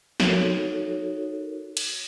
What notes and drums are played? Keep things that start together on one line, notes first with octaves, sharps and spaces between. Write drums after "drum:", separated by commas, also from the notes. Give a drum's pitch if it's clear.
D#4 F#4 A4 A#4 C#5, drum: snare
drum: cymbal